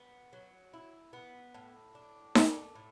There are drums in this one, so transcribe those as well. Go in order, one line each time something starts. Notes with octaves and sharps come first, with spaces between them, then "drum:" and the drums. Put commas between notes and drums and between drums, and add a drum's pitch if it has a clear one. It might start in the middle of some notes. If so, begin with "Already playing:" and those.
Already playing: B3
F#3
E4
B3
A2
D4
A3, drum: snare D#4
A2